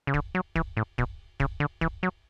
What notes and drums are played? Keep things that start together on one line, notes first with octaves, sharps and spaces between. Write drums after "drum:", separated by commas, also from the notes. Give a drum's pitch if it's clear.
C#3
D3, drum: kick
F#3
E3, drum: kick
A2
B2, drum: kick
C#3, drum: kick
D3
E3, drum: kick
F#3